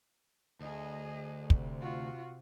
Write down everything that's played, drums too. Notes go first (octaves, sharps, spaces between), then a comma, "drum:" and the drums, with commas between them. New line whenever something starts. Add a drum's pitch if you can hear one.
D2 G#4 D#5
C3, drum: kick
F4 F#4